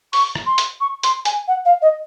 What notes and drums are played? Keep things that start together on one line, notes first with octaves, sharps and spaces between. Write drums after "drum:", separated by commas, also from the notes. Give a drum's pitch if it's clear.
C#6, drum: open hi-hat
drum: rim click
C6
drum: hi-hat
C#6
C6, drum: hi-hat
G#5, drum: hi-hat
F#5
F5
D#5